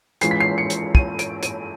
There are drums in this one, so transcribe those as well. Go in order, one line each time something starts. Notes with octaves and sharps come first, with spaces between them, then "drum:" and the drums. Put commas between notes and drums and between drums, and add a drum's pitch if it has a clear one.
E3 G#3 C#4 F4 C7, drum: hi-hat
B6
C7
C#7
drum: hi-hat
D#7, drum: kick
D7, drum: hi-hat
D#7, drum: hi-hat